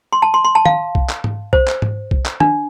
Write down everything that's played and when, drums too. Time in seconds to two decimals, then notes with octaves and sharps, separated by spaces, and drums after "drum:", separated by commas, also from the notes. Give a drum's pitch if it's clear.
0.13 C6
0.22 A5
0.34 C6
0.45 C6
0.55 A5
0.65 F5, drum: tom
0.95 drum: kick B1
1.10 drum: clap
1.24 drum: tom G#2
1.53 C5, drum: kick B1
1.68 drum: clap
1.82 drum: tom G#2
2.11 drum: kick B1
2.26 drum: clap
2.40 D4, drum: tom